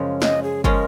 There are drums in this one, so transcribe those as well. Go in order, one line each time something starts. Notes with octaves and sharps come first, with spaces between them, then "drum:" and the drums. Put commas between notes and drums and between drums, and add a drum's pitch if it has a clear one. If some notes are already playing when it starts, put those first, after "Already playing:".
Already playing: F#2 C#3 F3 G#3 C#4
D#5, drum: snare
G#4
F3 G#3 C#4 A#4, drum: kick